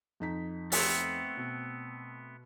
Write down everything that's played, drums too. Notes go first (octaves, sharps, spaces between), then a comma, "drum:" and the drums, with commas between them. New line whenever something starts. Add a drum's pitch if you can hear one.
F2 D#4 B6
A3 B3 C4, drum: open hi-hat
B2